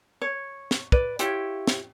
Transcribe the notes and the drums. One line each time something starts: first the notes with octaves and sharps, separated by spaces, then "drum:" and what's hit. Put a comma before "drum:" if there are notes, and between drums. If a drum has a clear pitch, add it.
C#5
drum: snare
B4 D5, drum: kick
E4 F4 G4 C#5, drum: hi-hat
drum: snare